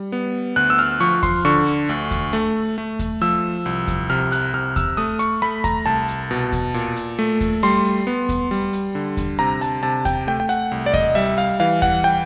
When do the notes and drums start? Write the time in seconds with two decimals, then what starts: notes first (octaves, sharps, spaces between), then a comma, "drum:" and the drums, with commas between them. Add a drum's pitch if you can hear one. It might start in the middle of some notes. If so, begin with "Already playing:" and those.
Already playing: G3
0.12 B3
0.56 D2 F#6
0.70 E6
0.79 F6, drum: hi-hat
1.01 F3 C#6
1.23 C6, drum: kick D#2, hi-hat
1.45 D3 C#6
1.67 drum: hi-hat
1.89 D2
2.11 drum: kick D#2, hi-hat
2.33 A3
2.78 A3
2.99 drum: kick D#2, hi-hat
3.21 F3 E6
3.66 C2
3.88 drum: kick D#2, hi-hat
4.10 C3 F6
4.32 F#6, drum: hi-hat
4.54 C3 F6
4.76 E6, drum: kick D#2, hi-hat
4.97 A3 D#6
5.19 C#6, drum: hi-hat
5.42 A3 B5
5.64 A#5, drum: kick D#2, hi-hat
5.86 C2 A5
6.08 drum: hi-hat
6.31 B2
6.52 drum: kick D#2, hi-hat
6.74 A#2
6.96 drum: hi-hat
7.19 A3
7.41 drum: kick D#2, hi-hat
7.63 G3 C6
7.85 drum: hi-hat
8.07 B3
8.29 drum: kick D#2, hi-hat
8.51 G3
8.73 drum: hi-hat
8.95 D3
9.17 drum: kick D#2, hi-hat
9.39 C3 A#5
9.61 A5, drum: hi-hat
9.83 C3 A5
10.05 G5, drum: kick D#2, hi-hat
10.27 A3 G5
10.40 G5
10.49 F#5, drum: hi-hat
10.71 C2
10.86 D5
10.94 D#5, drum: kick D#2, hi-hat
11.15 G3 E5
11.38 F5, drum: hi-hat
11.60 E3 F5
11.82 F#5, drum: kick D#2, hi-hat
12.04 G5